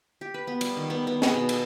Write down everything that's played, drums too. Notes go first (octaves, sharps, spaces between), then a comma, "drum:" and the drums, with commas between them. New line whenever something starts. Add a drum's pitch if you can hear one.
G4
B4
B3
G3, drum: cymbal
D#3
B3
B3
G#4, drum: snare
B2
A4, drum: cymbal